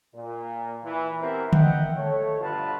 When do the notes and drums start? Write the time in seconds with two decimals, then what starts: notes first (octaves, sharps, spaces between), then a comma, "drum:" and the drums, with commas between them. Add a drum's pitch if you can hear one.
0.15 A#2
0.84 E3
1.20 B3 C4 E4 G4 A#4
1.53 D#5 E5 F#5 G5, drum: tom D3
1.97 A3 C#5
2.41 G2 B2 F4 B4 A5